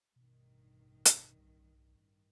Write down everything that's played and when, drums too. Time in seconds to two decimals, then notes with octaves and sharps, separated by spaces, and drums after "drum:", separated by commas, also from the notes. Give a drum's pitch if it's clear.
0.16 A1 G2 B2 D#3
1.05 drum: hi-hat
1.38 B1